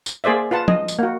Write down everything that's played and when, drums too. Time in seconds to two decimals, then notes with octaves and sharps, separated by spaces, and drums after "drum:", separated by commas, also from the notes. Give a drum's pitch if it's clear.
0.06 drum: tambourine
0.24 A#3 G#4 C5 D5 E5
0.51 F4 B4 F#5 A5
0.68 D#5, drum: tom
0.88 drum: tambourine
0.99 A#3 F#4